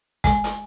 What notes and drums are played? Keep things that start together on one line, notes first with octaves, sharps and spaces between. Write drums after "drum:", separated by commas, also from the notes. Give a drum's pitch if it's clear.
G#3, drum: kick, hi-hat
drum: hi-hat